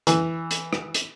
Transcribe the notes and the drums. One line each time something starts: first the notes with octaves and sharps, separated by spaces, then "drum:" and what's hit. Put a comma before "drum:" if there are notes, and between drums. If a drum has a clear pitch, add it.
E3, drum: hi-hat
drum: hi-hat
drum: rim click
drum: hi-hat